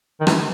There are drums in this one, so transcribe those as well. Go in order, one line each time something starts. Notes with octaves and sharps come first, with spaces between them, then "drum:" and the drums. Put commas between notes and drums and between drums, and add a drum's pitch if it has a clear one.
D#3
E3, drum: rim click